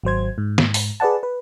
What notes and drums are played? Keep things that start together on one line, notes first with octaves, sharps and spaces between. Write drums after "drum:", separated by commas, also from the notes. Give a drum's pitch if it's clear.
G#1 F#3 C5 G#6
G#2
drum: snare
drum: open hi-hat
G#4 B4 D5 F#5 A5
B4